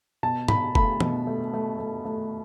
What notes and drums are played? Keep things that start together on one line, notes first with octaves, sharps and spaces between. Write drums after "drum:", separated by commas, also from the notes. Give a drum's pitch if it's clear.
B2 A5
B2 B5, drum: tom
A3 B5, drum: kick
B2, drum: tom
A3
A3
A3
A3